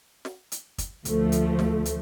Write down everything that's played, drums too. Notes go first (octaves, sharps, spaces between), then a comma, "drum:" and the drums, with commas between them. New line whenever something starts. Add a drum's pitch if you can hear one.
drum: snare
drum: hi-hat
drum: kick, hi-hat
D2 F3 A3, drum: hi-hat
drum: hi-hat
drum: snare
drum: hi-hat